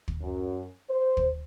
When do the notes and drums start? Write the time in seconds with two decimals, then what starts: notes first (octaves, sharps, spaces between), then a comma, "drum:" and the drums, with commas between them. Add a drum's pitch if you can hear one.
0.08 drum: kick
0.21 F#2
0.90 C5
1.17 drum: kick